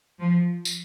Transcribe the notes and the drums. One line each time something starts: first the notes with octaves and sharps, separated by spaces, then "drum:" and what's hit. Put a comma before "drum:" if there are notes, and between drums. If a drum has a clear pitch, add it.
F3
drum: tambourine